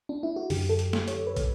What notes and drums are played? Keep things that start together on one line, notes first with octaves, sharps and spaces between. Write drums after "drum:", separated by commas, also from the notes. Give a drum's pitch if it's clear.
D4
E4
F#4
F#2 D3 G4, drum: open hi-hat
A4
drum: hi-hat
drum: snare
C#5, drum: hi-hat
B4
drum: kick, hi-hat